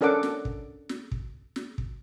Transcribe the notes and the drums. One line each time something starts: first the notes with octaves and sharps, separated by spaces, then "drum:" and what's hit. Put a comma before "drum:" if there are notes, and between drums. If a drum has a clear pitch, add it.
C#4 D4 A4 A#4 F#5 D6
drum: snare
drum: kick
drum: snare
drum: kick
drum: snare
drum: kick